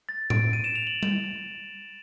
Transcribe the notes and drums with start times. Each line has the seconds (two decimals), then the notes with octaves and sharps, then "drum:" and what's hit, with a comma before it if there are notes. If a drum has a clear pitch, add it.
0.09 A6
0.30 D7, drum: tom A2
0.53 D#7
0.64 E7
0.75 F7
0.87 F#7
1.03 drum: tom G3